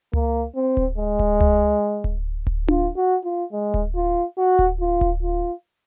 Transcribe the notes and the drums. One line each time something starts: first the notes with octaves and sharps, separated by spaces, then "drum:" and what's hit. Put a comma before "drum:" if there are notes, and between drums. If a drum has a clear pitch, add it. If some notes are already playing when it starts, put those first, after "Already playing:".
A#3, drum: tom C#2
C4
drum: kick D1
G#3
drum: kick D1
drum: tom C#2
drum: kick D1
drum: kick D1
F4, drum: tom D4
F#4
F4
G#3
drum: kick D1
F4
F#4
drum: kick D1
F4
drum: kick D1
F4